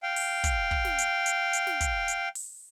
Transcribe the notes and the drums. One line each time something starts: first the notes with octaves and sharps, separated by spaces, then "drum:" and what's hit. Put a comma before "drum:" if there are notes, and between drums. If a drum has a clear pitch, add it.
F5 G5
drum: open hi-hat
drum: kick, hi-hat
drum: kick
drum: snare
drum: hi-hat
drum: hi-hat
drum: hi-hat
drum: snare
drum: kick, hi-hat
drum: hi-hat
drum: open hi-hat